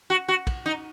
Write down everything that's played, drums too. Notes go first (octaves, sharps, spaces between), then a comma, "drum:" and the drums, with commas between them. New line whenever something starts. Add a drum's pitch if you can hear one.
F#4
F#4
drum: kick, cymbal
D#4